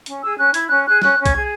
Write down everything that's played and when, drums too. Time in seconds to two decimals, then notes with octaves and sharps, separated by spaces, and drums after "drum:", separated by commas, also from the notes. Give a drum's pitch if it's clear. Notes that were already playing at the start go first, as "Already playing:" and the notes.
0.06 C#4, drum: hi-hat
0.22 G#4 E6
0.38 C#4 F#6
0.54 E4 G#6, drum: hi-hat
0.69 C#4 F#6
0.86 G#4 F#6
1.02 C#4 F#6, drum: snare
1.18 C#4
1.26 G#6, drum: kick C2, hi-hat
1.34 G#4